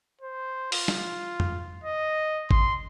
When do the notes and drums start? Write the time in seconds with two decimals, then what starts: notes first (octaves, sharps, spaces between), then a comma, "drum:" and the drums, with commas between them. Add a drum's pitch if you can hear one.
0.21 C5
0.72 F4, drum: open hi-hat
0.88 drum: snare
1.40 drum: tom F2
1.84 D#5
2.51 C6, drum: kick G#1